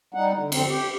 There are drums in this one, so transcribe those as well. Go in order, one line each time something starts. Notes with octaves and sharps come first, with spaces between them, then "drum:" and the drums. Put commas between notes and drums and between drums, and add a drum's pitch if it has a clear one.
G3 D#4 F#5
D3
F2 D3 C4, drum: cymbal
G4